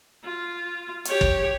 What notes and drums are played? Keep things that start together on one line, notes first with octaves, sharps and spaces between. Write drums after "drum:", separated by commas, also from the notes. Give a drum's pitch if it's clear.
F4
G4 C#5, drum: hi-hat
drum: kick